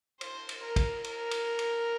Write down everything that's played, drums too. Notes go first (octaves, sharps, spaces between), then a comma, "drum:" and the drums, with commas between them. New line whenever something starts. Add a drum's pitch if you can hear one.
C5, drum: cymbal
drum: cymbal
A#4
drum: kick, cymbal
A#4, drum: cymbal
drum: cymbal
drum: cymbal